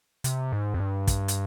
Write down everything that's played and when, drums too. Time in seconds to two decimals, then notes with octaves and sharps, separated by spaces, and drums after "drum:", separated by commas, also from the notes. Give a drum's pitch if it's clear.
0.24 C3, drum: hi-hat
0.52 G#2
0.74 F2
0.80 G2
1.07 drum: kick, hi-hat
1.28 drum: hi-hat